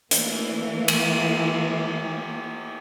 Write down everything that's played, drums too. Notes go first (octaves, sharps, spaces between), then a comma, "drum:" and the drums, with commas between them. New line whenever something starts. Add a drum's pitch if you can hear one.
E3 A3 A#3, drum: hi-hat
drum: cymbal